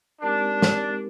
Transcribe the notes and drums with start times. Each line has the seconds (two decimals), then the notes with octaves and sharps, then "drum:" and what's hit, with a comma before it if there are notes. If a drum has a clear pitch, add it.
0.22 G#3 C4 D4 D#4 G4 A#4
0.62 drum: snare